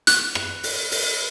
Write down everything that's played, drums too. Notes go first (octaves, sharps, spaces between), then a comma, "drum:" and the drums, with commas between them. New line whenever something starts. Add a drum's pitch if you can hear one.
F#6, drum: hi-hat
drum: rim click
drum: open hi-hat
drum: open hi-hat